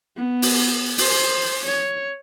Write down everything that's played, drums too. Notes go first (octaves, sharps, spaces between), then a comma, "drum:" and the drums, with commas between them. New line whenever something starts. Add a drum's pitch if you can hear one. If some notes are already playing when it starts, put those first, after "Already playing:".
B3
drum: open hi-hat
C5, drum: open hi-hat
C#5